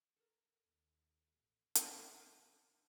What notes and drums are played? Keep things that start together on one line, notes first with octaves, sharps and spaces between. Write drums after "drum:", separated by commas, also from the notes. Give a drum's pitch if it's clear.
A4 A#4
D#2
A1
drum: hi-hat
D3